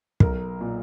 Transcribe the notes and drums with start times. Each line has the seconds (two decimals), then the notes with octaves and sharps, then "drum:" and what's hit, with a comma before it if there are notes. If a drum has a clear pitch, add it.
0.20 B1 A#4, drum: kick
0.61 A#2